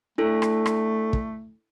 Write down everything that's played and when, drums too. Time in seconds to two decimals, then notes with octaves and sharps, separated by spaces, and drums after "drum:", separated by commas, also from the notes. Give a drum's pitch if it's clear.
0.18 A3 D4 E4 A4
0.42 drum: rim click
0.66 drum: rim click
1.13 drum: kick